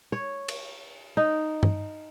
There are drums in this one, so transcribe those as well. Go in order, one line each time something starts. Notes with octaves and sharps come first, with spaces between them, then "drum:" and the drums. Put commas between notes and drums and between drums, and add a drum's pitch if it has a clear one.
C#5
drum: cymbal
D#4
drum: tom G2